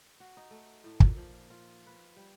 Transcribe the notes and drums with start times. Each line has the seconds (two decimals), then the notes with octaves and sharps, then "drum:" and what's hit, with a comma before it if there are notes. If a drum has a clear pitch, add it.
0.20 F#4
0.37 D#4
0.51 A3
0.84 A2
1.00 A#2, drum: kick
1.17 F3
1.50 F4
1.87 B4
2.17 G3